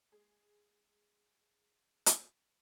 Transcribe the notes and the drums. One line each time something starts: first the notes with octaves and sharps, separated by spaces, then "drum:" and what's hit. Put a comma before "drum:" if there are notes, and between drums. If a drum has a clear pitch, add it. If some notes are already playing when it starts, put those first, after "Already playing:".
G#3 G#4
drum: hi-hat